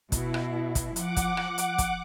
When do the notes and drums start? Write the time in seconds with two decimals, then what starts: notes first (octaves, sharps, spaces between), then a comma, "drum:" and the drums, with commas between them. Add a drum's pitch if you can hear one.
0.12 B2 E4, drum: kick, hi-hat
0.34 drum: rim click
0.75 drum: kick, hi-hat
0.96 F3 F#5 D6, drum: hi-hat
1.16 drum: kick, hi-hat
1.37 drum: rim click
1.58 drum: hi-hat
1.78 drum: kick, hi-hat